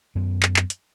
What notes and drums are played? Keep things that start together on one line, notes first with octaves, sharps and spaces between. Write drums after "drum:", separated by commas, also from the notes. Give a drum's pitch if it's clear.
F#2 B3
drum: clap
drum: clap
drum: hi-hat